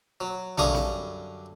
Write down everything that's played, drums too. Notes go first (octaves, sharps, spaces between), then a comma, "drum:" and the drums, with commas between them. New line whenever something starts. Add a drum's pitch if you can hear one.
F#3
F#2 D3 G3 F5 C#6 D#6, drum: tom A#1
drum: snare